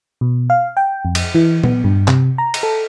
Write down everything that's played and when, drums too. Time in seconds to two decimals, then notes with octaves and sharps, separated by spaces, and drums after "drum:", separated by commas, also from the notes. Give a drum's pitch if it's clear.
0.21 B2
0.50 F5
0.77 G5
1.05 F2
1.15 drum: cymbal
1.35 E3
1.64 B3, drum: tom A#2
1.84 G2
2.08 C3, drum: clap
2.38 A#5
2.54 drum: cymbal
2.63 A4